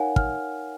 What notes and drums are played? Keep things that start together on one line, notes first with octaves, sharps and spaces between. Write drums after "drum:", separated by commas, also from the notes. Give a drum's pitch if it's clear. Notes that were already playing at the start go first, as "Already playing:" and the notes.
Already playing: D#4 A#4 C#5 F5 F#5 G#5
F6, drum: kick